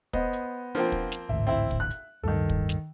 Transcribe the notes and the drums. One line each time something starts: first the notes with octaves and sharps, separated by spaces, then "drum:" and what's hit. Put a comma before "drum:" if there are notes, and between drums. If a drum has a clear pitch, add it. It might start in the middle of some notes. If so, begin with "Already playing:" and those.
B3 C5 D#5, drum: kick
drum: hi-hat
F3 A#3 C4 D4, drum: hi-hat
drum: kick
drum: snare
A1 D2 G#2 E5
C4 E4
drum: kick
F#6
drum: hi-hat
D1 G2 D#3 A4
drum: kick
drum: snare